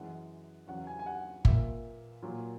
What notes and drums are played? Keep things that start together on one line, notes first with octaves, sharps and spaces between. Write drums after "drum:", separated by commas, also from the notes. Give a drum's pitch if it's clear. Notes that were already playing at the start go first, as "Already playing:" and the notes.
Already playing: F#2 E3 G#3 F#5
E2 C#3 F#3 F#5
G#5
G#5
F#5
A#2 A#3 E5, drum: kick G1
A#2 F#3 A#3